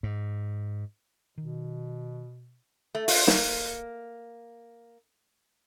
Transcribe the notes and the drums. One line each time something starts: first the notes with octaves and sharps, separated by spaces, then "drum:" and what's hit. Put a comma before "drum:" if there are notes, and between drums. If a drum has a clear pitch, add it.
G#2
B2 D#3
A3
F4, drum: open hi-hat
A#3, drum: snare